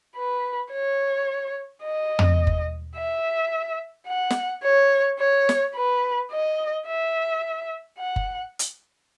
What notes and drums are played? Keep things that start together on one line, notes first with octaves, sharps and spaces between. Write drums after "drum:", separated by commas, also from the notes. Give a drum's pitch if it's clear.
B4
C#5
D#5
drum: tom
drum: kick F#1
E5
F#5
drum: snare
C#5
C#5
drum: snare
B4
D#5
E5
F#5
drum: kick F#1
drum: hi-hat